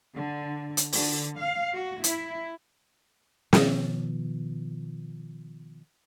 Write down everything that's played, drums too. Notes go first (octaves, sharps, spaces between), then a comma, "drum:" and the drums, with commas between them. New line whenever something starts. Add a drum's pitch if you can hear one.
D3
drum: hi-hat
D3, drum: open hi-hat
F5
F#4
E4, drum: hi-hat
B2 D#3 F3 B3, drum: snare